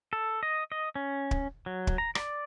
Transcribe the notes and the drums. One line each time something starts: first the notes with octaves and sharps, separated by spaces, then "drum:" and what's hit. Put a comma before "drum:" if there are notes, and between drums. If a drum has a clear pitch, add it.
A4
D#5
D#5
C#4
drum: kick
F#3
drum: kick
A#5
D5, drum: rim click